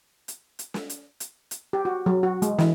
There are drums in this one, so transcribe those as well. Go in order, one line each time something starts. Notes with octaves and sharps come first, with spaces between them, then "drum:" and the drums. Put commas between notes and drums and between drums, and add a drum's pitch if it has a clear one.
drum: hi-hat
drum: hi-hat
drum: snare
drum: hi-hat
drum: hi-hat
drum: hi-hat
G4
F#4
F#3
F#4
G#3, drum: hi-hat
E3, drum: snare